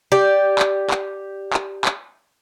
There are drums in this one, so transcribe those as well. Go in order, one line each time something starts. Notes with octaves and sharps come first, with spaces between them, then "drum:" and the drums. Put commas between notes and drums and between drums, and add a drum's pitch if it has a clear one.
G4 D5
drum: clap
drum: clap
drum: clap
drum: clap